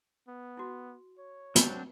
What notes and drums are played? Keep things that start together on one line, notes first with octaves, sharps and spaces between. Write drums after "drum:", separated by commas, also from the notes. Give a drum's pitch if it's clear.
B3
E4 F#4
C#5
F#3 C4 D4, drum: hi-hat